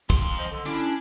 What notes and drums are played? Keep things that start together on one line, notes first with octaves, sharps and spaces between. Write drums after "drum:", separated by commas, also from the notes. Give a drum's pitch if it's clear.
F2 C6, drum: kick
C5 D#5
D3
C#4 D4 E4